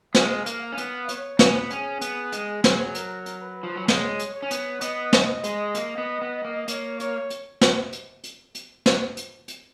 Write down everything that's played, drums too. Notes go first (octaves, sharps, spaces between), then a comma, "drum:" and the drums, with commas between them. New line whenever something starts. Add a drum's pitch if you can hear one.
G#3 F5, drum: snare
A#3, drum: hi-hat
F5
C#4
B3, drum: hi-hat
C#5, drum: hi-hat
B3, drum: snare
C#4
B3
C#4 G#4, drum: hi-hat
B3, drum: hi-hat
G#3, drum: hi-hat
F#3, drum: snare
A#4, drum: hi-hat
drum: hi-hat
B4
F3
F#3
G#3 C#5, drum: snare
drum: hi-hat
C#5
C#4
B3, drum: hi-hat
B3 D#5, drum: hi-hat
drum: snare
G#3, drum: hi-hat
A#3, drum: hi-hat
B3
B3
A#3
A#3 C#5, drum: hi-hat
C#5, drum: hi-hat
drum: hi-hat
drum: snare
drum: hi-hat
drum: hi-hat
drum: hi-hat
drum: snare
drum: hi-hat
drum: hi-hat